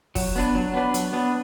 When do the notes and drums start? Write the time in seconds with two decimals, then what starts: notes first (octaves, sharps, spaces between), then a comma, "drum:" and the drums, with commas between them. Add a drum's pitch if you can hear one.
0.15 F#3, drum: kick, open hi-hat
0.36 B3 D4 B4
0.55 F#3
0.74 B3 D4 B4
0.94 F#3, drum: hi-hat
1.13 B3 D4 B4